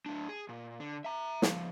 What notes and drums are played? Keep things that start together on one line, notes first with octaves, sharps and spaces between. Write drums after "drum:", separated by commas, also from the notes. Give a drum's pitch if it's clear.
A2 D4
G#4
A#2
D3
E5 A#5
C#2 F3, drum: snare